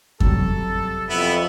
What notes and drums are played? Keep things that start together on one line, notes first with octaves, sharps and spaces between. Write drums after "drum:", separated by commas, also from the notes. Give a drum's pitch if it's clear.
C3 F#3 G3 A4, drum: kick F2
F2 B3 E4